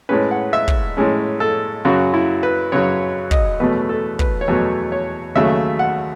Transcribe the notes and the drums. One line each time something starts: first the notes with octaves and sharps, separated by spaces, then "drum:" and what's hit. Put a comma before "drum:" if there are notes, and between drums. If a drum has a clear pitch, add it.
A2 G#3 C#4 B4
F#5
E5
drum: kick
A2 G#3 C#4
A4
F#2 C#3 F#3 F#4
E4
B4
F#2 C#3 F#3 C#5
D#5, drum: kick
E2 B2 F#3 A3 B4
A4
B4, drum: kick
C#5
E2 B2 F#3 A3 B4
C#5
D#2 C#3 F#3 A3 E5
F#5